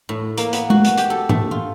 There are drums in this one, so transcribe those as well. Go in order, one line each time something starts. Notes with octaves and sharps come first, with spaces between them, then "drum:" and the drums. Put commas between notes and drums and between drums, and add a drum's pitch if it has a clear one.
A2
A#3, drum: hi-hat
B3, drum: hi-hat
F#4, drum: tom G#3
drum: hi-hat
G4, drum: hi-hat
A4
A3, drum: tom G#2
F4